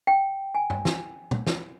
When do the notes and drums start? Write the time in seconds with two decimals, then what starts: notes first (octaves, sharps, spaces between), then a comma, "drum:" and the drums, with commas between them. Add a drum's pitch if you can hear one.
0.07 G5
0.55 G#5
0.70 drum: tom
0.85 drum: snare
1.31 drum: tom
1.47 drum: snare